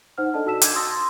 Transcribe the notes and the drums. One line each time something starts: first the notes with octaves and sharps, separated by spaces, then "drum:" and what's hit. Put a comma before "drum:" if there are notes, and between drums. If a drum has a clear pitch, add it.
D#4 C5 F#5 F6
D4 A4 D5 D#5 A5
F#4 A5 E6 B6 E7
D6 G6 G#6, drum: hi-hat
C6 D#6 E6 A6 A#6
C6